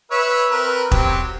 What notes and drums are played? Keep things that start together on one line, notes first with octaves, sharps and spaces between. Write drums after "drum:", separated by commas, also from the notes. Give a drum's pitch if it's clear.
B4 C#5 E5
C4 A#4 B4
F#3 C4 G4, drum: kick E1